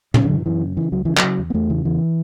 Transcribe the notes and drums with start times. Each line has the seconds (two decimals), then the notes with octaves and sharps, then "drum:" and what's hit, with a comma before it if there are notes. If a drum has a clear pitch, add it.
0.14 C#3 C#4, drum: tom
0.25 D3
0.30 F#2 E3
0.46 F#2 E3
0.61 C#3
0.77 C#3 E3
0.92 C#2 F#3
1.05 C#3 E3
1.17 F#3, drum: clap
1.23 C#3
1.39 E2
1.50 B3
1.54 E2 A3
1.70 C#3 E3
1.85 E2 E3